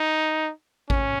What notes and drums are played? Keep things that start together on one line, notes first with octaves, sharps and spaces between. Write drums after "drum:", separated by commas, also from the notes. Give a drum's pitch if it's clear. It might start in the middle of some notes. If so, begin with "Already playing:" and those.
Already playing: D#4
C#4, drum: kick A1